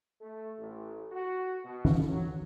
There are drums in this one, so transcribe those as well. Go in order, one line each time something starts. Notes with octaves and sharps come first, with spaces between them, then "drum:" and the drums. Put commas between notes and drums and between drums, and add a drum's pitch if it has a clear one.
A3
A1
F#4
B2
drum: tom E3
F#3